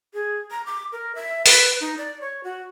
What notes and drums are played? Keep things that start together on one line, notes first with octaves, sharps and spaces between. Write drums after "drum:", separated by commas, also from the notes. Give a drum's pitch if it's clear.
G#4
A#5
D6
A#4
E5
B4, drum: open hi-hat
D#4
D5
C#5
F#4